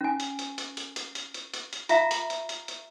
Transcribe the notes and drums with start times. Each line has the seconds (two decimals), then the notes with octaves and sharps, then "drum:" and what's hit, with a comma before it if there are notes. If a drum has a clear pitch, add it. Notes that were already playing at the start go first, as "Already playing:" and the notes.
0.01 C#4 G#5
0.20 drum: hi-hat
0.39 drum: hi-hat
0.58 drum: hi-hat
0.77 drum: hi-hat
0.96 drum: hi-hat
1.15 drum: hi-hat
1.34 drum: hi-hat
1.54 drum: hi-hat
1.73 drum: hi-hat
1.89 F4 E5 F5 A#5, drum: hi-hat
2.11 drum: hi-hat
2.30 drum: hi-hat
2.49 drum: hi-hat
2.68 drum: hi-hat